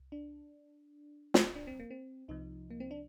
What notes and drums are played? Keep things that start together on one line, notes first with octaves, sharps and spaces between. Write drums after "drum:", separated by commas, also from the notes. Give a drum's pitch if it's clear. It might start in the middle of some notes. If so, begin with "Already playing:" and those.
Already playing: C2
D4
drum: snare
D4
C4
A#3
C4
C2 C3 F3 D#4
A#3
C4
D4